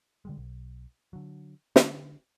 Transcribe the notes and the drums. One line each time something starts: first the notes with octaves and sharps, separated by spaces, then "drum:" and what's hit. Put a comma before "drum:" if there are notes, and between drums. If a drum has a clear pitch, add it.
D3 G3 G#3
B1
D3 F#3
D3, drum: snare